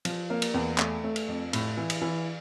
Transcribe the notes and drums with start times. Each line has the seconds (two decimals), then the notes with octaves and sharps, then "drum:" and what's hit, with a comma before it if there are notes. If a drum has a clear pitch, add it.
0.05 F3, drum: cymbal
0.30 A#3
0.42 drum: cymbal
0.54 E2
0.78 A3, drum: clap
1.04 A3
1.16 drum: cymbal
1.28 F2
1.53 A2, drum: cymbal
1.77 E3
1.90 drum: cymbal
2.02 E3